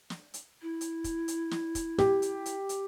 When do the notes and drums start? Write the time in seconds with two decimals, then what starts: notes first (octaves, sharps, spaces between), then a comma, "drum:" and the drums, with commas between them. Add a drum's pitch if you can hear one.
0.10 drum: snare
0.34 drum: hi-hat
0.62 E4
0.81 drum: hi-hat
1.04 drum: kick, hi-hat
1.28 drum: hi-hat
1.51 drum: snare
1.75 drum: kick, hi-hat
1.98 G4, drum: snare
2.22 drum: hi-hat
2.46 drum: hi-hat
2.69 drum: hi-hat